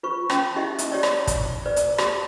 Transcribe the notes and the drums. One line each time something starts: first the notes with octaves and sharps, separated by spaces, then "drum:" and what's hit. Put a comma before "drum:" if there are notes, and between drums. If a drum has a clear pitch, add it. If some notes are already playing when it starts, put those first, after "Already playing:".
F4 B4 C#6
C#4, drum: rim click
D#4 E4 G4 D#5 E5
drum: hi-hat
G4 C#5 D5
drum: rim click
drum: kick, hi-hat
B4 D5
drum: hi-hat
G4, drum: rim click